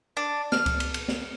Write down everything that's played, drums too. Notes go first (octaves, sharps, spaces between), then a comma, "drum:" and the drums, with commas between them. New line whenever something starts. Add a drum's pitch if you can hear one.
D4
F6, drum: snare
drum: kick C#2, cymbal
drum: cymbal
drum: cymbal
drum: snare